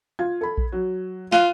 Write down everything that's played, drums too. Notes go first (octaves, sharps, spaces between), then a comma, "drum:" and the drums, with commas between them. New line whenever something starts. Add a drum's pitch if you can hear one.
F4 G#6
A4 B5
drum: kick A#1
F#3
F4 F5 F#6 D#7, drum: snare